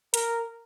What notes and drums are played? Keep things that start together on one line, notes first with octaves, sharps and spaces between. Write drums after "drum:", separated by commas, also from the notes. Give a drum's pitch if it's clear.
A#4, drum: hi-hat